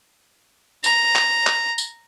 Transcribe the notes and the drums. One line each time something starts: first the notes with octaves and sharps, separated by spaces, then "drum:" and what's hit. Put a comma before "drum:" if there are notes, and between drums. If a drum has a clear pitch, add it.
A#5, drum: tambourine
drum: clap
drum: clap
drum: tambourine